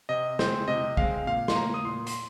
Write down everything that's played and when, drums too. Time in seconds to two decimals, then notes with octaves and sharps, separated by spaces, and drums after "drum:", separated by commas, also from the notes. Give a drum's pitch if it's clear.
0.09 C3 D#5
0.39 G#3 C4 C5, drum: snare
0.68 C3 D#5
0.97 G#3 C4 F5, drum: kick
1.27 A#2 F5
1.48 C6, drum: snare
1.56 A#3 A#5
1.74 D#6
1.85 A#2 C6
2.07 C6, drum: hi-hat